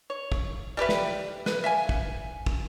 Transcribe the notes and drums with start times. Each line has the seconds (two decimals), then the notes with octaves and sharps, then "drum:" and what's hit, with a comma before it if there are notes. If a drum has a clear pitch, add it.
0.10 C#5
0.32 drum: kick
0.77 G3 G4 B4 E5
0.89 drum: snare
1.46 B4, drum: snare
1.64 E5 F5 G#5
1.89 drum: kick
2.46 drum: kick